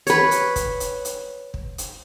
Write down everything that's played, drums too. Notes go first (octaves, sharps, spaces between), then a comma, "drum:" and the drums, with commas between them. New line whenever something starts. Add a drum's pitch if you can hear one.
B4 C#5, drum: hi-hat
drum: hi-hat
drum: kick, hi-hat
drum: hi-hat
drum: hi-hat
drum: kick
drum: hi-hat